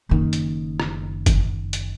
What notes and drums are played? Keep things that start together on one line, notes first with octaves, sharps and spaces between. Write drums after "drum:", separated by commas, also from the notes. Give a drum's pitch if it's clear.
F#1 D#3
drum: hi-hat
drum: rim click
drum: kick, hi-hat
drum: hi-hat